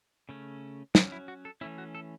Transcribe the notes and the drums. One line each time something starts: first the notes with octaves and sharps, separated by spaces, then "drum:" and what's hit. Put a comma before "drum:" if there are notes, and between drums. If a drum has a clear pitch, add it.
C#3 A3 C#4
F#3 C#4 F#4, drum: snare
E4
F#4
A4
E3 A3 C#4 E4
F#4
A4